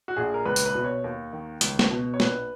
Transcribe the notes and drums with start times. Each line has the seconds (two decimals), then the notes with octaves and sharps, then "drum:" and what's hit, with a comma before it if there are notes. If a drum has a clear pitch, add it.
0.08 F#4
0.16 A#1 G#4
0.34 A#4
0.46 C#2 B4
0.56 drum: tambourine
0.66 B4
0.75 B2
0.84 C#5
1.04 D#2
1.33 D#3
1.61 C#2, drum: hi-hat
1.79 drum: snare
1.91 B2
2.14 C#5
2.20 A#1 B4, drum: snare